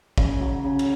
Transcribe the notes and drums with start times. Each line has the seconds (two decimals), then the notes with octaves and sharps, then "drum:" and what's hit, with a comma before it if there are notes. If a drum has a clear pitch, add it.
0.18 C#3, drum: kick
0.41 F#3
0.64 C#3
0.79 drum: cymbal